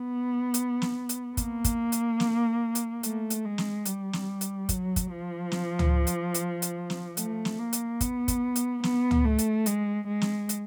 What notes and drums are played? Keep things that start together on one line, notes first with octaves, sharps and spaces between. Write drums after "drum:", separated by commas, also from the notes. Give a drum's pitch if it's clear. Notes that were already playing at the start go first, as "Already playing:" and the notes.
Already playing: B3
drum: hi-hat
drum: snare
drum: hi-hat
A#3, drum: kick, hi-hat
drum: kick, hi-hat
drum: hi-hat
drum: snare
drum: hi-hat
A3, drum: hi-hat
drum: hi-hat
G#3
drum: snare
G3, drum: hi-hat
drum: snare
drum: hi-hat
F#3, drum: kick, hi-hat
drum: kick, hi-hat
F3
drum: snare
drum: tom C#2
drum: hi-hat
drum: hi-hat
drum: hi-hat
drum: snare
A3, drum: hi-hat
drum: snare
A#3
drum: hi-hat
B3, drum: kick, hi-hat
drum: kick, hi-hat
drum: hi-hat
B3, drum: snare
drum: tom C#2
A3
drum: hi-hat
G#3, drum: hi-hat
G#3
drum: snare
drum: hi-hat